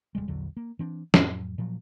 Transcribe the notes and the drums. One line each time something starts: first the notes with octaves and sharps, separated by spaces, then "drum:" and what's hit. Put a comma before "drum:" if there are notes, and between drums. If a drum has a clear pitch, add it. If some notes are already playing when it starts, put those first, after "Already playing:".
F1 G#2 G3 G#3
A#1 E2 D3 F#3
A#3
E3 C4 D4
F2 A2 F#3, drum: snare
A#2 F3 F#3